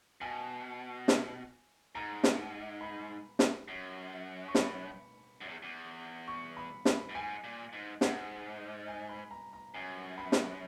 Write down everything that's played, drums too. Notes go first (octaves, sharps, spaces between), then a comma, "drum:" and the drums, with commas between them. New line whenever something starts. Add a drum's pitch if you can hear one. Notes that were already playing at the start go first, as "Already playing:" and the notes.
B2 G#5
drum: snare
G#2 A#5
drum: snare
B5
drum: snare
F#2
C#6
B5, drum: snare
F#2
E2
E2
C#6
B5
B5, drum: snare
F#2
G#2 G#5
A#2
G#2
G#2 F#5, drum: snare
G#5
B5
A#5
A#5
F#2 G#5
B5
drum: snare